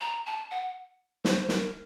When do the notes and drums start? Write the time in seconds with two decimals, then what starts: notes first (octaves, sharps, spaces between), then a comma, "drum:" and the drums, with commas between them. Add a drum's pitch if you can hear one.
0.01 A#5
0.26 A5
0.51 F#5
1.25 C5, drum: snare
1.49 A#4, drum: snare